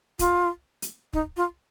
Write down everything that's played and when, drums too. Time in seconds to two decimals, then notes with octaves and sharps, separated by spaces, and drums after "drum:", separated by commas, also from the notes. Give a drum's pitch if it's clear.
0.19 F4, drum: kick, hi-hat
0.82 drum: hi-hat
1.13 D#4, drum: kick
1.37 F4